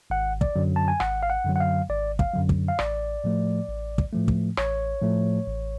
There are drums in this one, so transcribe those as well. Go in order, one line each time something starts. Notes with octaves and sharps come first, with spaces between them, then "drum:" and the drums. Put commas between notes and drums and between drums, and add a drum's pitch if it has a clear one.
G#1 F#5
D5, drum: kick
F#2 D3 F#3
A5
G#5
G#1 F#5, drum: rim click
F5
F#5
F#2 D3 F#3
F#5
F5
G#1 D5
F5, drum: kick
F#2 D3 F#3
drum: kick
F5
A1 D5, drum: rim click
A2 F3 A3
A1
drum: kick
A2 F3 A3
drum: kick
A1 C#5, drum: rim click
A2 F3 A3
A1